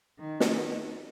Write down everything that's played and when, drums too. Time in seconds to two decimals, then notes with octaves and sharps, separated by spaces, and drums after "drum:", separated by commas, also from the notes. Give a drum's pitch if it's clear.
0.19 D#3
0.40 drum: snare